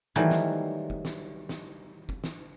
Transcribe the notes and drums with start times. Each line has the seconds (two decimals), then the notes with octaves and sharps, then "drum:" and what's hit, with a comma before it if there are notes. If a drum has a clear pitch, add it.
0.16 D#3 E3 F#3 G3 A3
0.30 drum: snare
0.90 drum: kick
1.05 drum: snare
1.49 drum: snare
2.09 drum: kick
2.24 drum: snare